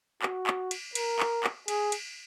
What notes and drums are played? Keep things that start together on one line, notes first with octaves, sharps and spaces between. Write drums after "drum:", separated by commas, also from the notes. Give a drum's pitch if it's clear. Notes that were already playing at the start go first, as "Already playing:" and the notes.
F#4, drum: clap
drum: clap
drum: cymbal
A#4, drum: cymbal
drum: clap
drum: clap
G#4, drum: cymbal
drum: cymbal